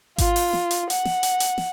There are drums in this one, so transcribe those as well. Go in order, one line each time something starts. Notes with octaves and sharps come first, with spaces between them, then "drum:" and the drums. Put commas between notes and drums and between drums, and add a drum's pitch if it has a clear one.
F4, drum: kick G#1, hi-hat
drum: open hi-hat
drum: snare
drum: hi-hat
F#5, drum: hi-hat
drum: snare
drum: hi-hat
drum: hi-hat
drum: snare